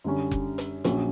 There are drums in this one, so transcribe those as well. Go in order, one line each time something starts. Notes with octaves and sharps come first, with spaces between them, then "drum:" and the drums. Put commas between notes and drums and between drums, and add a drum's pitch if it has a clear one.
F#2 D3 G3 C#4
drum: kick F1
drum: hi-hat
A#1 A#2 F#3 C#4, drum: hi-hat